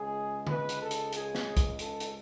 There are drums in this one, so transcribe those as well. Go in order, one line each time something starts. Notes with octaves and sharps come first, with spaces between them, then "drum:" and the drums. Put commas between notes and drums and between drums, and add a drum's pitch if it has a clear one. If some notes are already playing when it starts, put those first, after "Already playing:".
Already playing: C#2 C#3 G#3 G#4
B4, drum: tom D3
drum: hi-hat
A4
drum: hi-hat
G#4, drum: hi-hat
drum: snare
drum: kick, hi-hat
A4, drum: hi-hat
drum: hi-hat